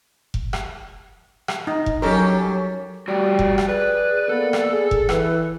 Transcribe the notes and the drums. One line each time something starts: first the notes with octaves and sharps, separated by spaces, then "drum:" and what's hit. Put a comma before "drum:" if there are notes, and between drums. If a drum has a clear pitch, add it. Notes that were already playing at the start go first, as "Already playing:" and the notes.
drum: kick F1
drum: rim click
drum: rim click
D#4
drum: kick F1
F#3 C#4 G4 A4 A#4
G3 F#4 G4 D5 G5
drum: kick F1
drum: rim click
G#4 B4 D5
A#3 B3 A4
drum: rim click
G#4
drum: kick F1
E3 B4, drum: rim click